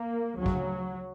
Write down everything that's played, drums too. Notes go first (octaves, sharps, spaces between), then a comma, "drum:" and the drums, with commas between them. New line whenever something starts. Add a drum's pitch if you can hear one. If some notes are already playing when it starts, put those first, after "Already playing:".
Already playing: A#3
D2 C#3 F#3
drum: kick